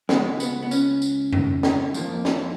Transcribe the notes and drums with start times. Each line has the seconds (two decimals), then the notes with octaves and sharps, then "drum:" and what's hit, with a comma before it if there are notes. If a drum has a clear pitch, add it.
0.09 C#2 C#3 G#3 B3, drum: snare
0.40 B3, drum: tambourine
0.63 B3
0.71 C#4, drum: tambourine
1.02 drum: tambourine
1.33 drum: tom F2
1.63 drum: snare
1.94 F2 F3 A#3, drum: tambourine
2.25 drum: snare